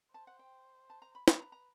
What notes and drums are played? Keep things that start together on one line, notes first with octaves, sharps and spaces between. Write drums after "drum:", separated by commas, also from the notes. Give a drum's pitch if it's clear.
C5 A5
F#5
G5
A5
A#5
B5
B4 A#5, drum: snare
A#5
A#5